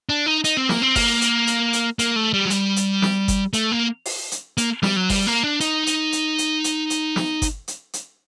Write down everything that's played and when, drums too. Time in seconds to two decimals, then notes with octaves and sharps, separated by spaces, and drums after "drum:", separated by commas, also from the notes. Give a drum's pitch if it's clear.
0.09 D4
0.26 D#4
0.44 D#4, drum: hi-hat
0.57 C4
0.69 A#3, drum: snare
0.82 C4
0.96 A#3, drum: kick G1, open hi-hat
1.21 drum: hi-hat
1.47 drum: hi-hat
1.73 drum: hi-hat
1.99 A#3, drum: hi-hat
2.16 A3
2.33 G3
2.45 F#3
2.50 G3, drum: hi-hat
2.76 drum: hi-hat
3.02 drum: snare
3.28 drum: kick G1, hi-hat
3.53 A3, drum: hi-hat
3.72 A#3
4.06 drum: open hi-hat
4.32 drum: hi-hat
4.58 A#3, drum: hi-hat
4.83 G3, drum: snare
4.96 F#3
5.10 G3, drum: kick G1, open hi-hat
5.27 A#3
5.44 D4
5.60 D#4, drum: hi-hat
5.87 drum: hi-hat
6.12 drum: hi-hat
6.38 drum: hi-hat
6.64 drum: hi-hat
6.90 drum: hi-hat
7.16 drum: snare
7.42 drum: kick G1, hi-hat
7.68 drum: hi-hat
7.93 drum: hi-hat